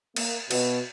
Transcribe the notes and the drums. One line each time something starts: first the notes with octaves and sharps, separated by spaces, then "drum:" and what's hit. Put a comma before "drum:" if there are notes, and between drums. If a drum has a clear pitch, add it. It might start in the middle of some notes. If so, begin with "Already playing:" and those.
A#3, drum: cymbal
B2, drum: cymbal